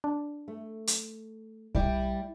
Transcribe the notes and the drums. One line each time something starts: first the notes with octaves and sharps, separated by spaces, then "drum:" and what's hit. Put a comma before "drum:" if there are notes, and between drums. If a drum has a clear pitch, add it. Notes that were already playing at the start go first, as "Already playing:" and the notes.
D4
A3
drum: hi-hat
G3 E4 D5, drum: kick